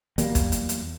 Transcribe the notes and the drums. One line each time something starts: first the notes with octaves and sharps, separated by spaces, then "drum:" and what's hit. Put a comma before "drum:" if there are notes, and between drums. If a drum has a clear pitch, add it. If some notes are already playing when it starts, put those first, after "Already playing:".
E2 F#3 G3 A#3, drum: hi-hat
drum: kick, hi-hat
drum: hi-hat
drum: hi-hat